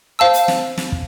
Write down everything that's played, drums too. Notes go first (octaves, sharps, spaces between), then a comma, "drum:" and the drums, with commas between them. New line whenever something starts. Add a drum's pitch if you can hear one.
C5 F5 A5 E6
drum: hi-hat
drum: snare
drum: snare
drum: kick